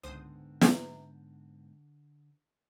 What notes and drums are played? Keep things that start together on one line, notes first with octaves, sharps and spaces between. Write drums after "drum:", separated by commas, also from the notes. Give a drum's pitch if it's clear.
C#2 G#2 D3 B3 C4 C5 D#6
drum: snare